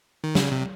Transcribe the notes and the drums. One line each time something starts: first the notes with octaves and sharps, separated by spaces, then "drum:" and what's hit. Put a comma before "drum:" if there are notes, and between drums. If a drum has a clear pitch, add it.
D#3
C#3, drum: snare
C3